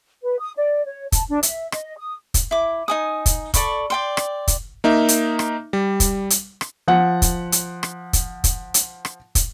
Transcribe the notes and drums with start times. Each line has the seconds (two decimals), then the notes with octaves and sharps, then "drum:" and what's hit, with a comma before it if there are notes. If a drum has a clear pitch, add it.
0.22 B4
0.39 D#6
0.56 D5
0.85 C#5
1.12 A5, drum: kick, hi-hat
1.29 D4
1.43 E5, drum: hi-hat
1.72 D#5, drum: rim click
1.98 D#6
2.34 drum: kick, hi-hat
2.51 E4 D6
2.88 D#4 G#5 D#6
3.26 drum: kick, hi-hat
3.54 A4 D5 B5 C#6, drum: kick, hi-hat
3.90 D5 G5 C6
4.17 drum: rim click
4.48 drum: kick, hi-hat
4.84 A#3 D#4 E5
5.08 drum: hi-hat
5.39 drum: rim click
5.73 G3
6.00 drum: kick, hi-hat
6.30 drum: hi-hat
6.61 drum: rim click
6.88 F3 F#5
7.22 drum: kick, hi-hat
7.52 drum: hi-hat
7.83 drum: rim click
8.13 drum: kick, hi-hat
8.44 drum: kick, hi-hat
8.74 drum: hi-hat
9.05 drum: rim click
9.35 drum: kick, hi-hat